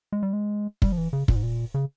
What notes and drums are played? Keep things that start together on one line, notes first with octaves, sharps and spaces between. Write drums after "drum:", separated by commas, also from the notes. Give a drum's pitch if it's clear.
G#3
G3
G#3
G3, drum: kick
F3
E3
C#3
A#2, drum: kick
G#2
A#2
C#3